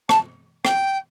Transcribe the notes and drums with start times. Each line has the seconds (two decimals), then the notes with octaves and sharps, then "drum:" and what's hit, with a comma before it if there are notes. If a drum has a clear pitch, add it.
0.09 A5, drum: rim click
0.65 G5, drum: rim click